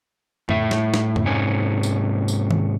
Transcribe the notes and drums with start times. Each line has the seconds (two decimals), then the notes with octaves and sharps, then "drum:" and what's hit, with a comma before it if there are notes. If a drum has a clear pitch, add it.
0.49 A2 E5, drum: tom F2
0.71 drum: snare
0.94 drum: snare
1.16 drum: tom F2
1.25 G#2 C3 C#4 G#5
1.83 drum: tambourine
2.28 drum: tambourine
2.51 drum: tom D#3